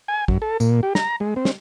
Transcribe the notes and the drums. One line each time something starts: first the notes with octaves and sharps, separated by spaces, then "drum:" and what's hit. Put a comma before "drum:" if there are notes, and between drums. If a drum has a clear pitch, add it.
G#5
F#2, drum: kick
A4
A#2, drum: tambourine
G4
A#5, drum: snare
G#3
C4
drum: snare